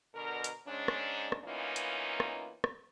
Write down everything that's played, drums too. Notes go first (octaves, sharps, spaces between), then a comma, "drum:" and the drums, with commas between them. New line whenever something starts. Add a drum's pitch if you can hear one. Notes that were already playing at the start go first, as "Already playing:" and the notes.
B2 D3 A#4
drum: hi-hat
G#2 C#4 D4
drum: rim click
drum: rim click
E3 A#3 B3 C#4 D#4 F4
drum: hi-hat
drum: rim click
drum: rim click